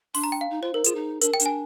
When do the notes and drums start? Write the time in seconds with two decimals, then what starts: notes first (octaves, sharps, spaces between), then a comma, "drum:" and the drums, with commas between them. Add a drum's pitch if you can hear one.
0.15 D4 C6, drum: open hi-hat
0.24 A#5
0.32 G5
0.41 F5
0.50 D#4
0.62 F4 C5
0.73 D#4 A#4
0.84 F4 G#4, drum: hi-hat
0.95 D#4
1.21 D4 A#4, drum: hi-hat
1.34 G5
1.40 D4, drum: hi-hat
1.46 G#5